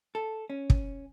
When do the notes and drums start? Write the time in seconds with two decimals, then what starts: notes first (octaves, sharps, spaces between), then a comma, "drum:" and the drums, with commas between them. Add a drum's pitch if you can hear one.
0.15 A4
0.50 C#4
0.70 drum: kick